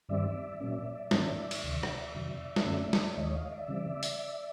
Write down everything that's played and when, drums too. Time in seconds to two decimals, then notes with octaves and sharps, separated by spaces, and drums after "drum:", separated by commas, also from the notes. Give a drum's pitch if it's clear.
0.09 G2 D#3 G3 C4 D5 E5
0.60 A#2 F#3 A#3 C#4
1.11 G#2 D#3 F#3 A#3 C#4 D5 E5, drum: snare
1.51 drum: cymbal
1.63 D2 C3 D#3
1.83 drum: rim click
2.14 F2 C3 D#3 F#3
2.56 drum: snare
2.66 F#2 D3 F#3 A3 C#4
2.93 drum: snare
3.17 D#2 D#3 G#3 C#5 D#5
3.34 D#5 F5
3.51 D5 E5
3.68 C#3 E3 G3 C4
4.03 drum: hi-hat